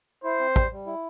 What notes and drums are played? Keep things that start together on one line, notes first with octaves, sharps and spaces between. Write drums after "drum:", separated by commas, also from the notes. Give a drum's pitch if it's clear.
E4 C5
C4
G3, drum: kick
G3
E4